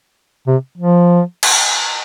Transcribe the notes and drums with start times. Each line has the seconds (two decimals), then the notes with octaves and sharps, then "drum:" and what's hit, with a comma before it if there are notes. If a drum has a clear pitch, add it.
0.47 C3
0.78 F3
1.43 drum: cymbal